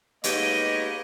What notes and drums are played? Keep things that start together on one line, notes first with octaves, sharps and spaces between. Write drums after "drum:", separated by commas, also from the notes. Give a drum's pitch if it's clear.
G#2 A#3 B3 G4 C#5 D#5, drum: hi-hat